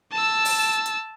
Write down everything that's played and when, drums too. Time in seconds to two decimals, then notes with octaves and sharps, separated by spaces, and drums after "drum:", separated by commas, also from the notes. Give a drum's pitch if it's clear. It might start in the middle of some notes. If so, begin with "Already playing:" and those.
0.12 A5 E6
0.45 drum: open hi-hat
0.86 drum: hi-hat